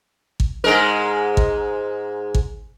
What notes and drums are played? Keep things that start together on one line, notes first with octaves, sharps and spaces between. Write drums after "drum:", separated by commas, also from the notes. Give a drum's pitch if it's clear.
drum: kick
G#2 G#3 A#4
drum: kick
drum: kick